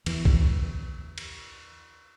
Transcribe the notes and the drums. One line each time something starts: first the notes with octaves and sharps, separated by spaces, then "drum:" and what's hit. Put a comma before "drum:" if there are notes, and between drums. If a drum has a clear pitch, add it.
E2 E3, drum: cymbal
drum: kick A#1
drum: cymbal